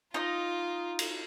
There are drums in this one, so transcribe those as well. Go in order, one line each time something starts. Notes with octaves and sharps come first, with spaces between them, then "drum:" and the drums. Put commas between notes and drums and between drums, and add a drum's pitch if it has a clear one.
D#4 F4 D#5
drum: cymbal